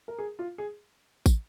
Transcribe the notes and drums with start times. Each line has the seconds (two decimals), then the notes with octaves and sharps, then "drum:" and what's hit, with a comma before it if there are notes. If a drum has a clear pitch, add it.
0.08 A#4
0.19 G#4
0.39 F4
0.58 G#4
1.26 drum: kick A1, tambourine